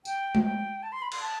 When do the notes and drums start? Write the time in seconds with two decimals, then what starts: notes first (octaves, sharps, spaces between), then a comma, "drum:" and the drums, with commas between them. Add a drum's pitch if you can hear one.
0.05 G5, drum: tambourine
0.35 drum: tom G#3
0.44 G5
0.83 A5
0.92 C6
1.02 B5
1.12 C6, drum: cymbal
1.21 A5